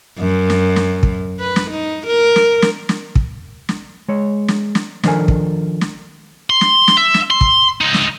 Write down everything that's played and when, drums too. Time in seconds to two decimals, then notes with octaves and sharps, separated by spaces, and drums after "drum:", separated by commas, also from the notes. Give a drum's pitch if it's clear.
0.19 F#2
0.50 drum: snare
0.76 drum: snare
1.03 drum: kick
1.40 B4
1.56 drum: snare
1.70 D#4
2.07 A#4
2.36 drum: snare
2.62 drum: snare
2.89 drum: snare
3.15 drum: kick
3.69 drum: snare
4.09 G#3 C#5
4.48 drum: snare
4.75 drum: snare
5.03 D#3 F3 D4 A4 A#4 G#5, drum: snare
5.28 drum: kick
5.81 drum: snare
6.50 C6
6.61 drum: snare
6.88 drum: snare
6.97 E5
7.14 drum: snare
7.30 C6
7.41 drum: kick
7.81 C#2 D#4
7.94 drum: snare